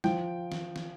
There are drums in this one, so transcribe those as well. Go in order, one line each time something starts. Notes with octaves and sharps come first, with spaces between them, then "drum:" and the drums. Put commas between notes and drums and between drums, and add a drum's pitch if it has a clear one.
F3 G5, drum: snare
drum: snare
drum: snare